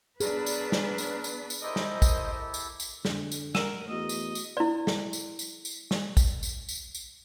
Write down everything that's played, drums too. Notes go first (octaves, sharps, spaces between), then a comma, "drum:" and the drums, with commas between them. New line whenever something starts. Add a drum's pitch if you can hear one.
F#3 B3 D4 G#4 A#4 B4, drum: tambourine
drum: tambourine
drum: snare
drum: tambourine
drum: tambourine
drum: tambourine
E4 G4 A4 A#4 C5 D#5
drum: snare
drum: kick, tambourine
drum: tambourine
drum: tambourine
F2 D3, drum: snare
drum: tambourine
A#4 F#5 E6 D#7 E7, drum: snare
E2 A3 F#4 D#5
drum: tambourine
drum: tambourine
E4 D5
drum: snare
drum: tambourine
drum: tambourine
drum: tambourine
drum: snare
drum: kick, tambourine
drum: tambourine
drum: tambourine
drum: tambourine